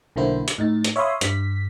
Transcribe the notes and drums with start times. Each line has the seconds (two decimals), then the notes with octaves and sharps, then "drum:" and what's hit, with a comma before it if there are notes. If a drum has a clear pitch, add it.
0.16 B1 D3 A#3 E4 C5
0.48 drum: hi-hat
0.58 A2 D#4 A6
0.85 drum: hi-hat
0.96 C#5 E5 F5 B5 C6 D#6
1.21 G2 B6, drum: hi-hat